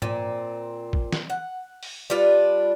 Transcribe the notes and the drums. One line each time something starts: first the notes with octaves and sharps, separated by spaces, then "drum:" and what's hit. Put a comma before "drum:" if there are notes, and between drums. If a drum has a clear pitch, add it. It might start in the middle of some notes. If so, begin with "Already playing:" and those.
A#2 C4, drum: tom
drum: kick
drum: snare
F#5
drum: open hi-hat
G3 D4 F4 B4